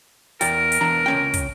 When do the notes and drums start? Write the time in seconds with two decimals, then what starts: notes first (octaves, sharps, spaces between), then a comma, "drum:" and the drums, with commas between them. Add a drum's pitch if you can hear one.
0.41 E2 A#4 D5 G5, drum: hi-hat
0.72 drum: hi-hat
0.81 E2 D4 A#5
1.06 C#2 C#4 G5
1.34 drum: kick, hi-hat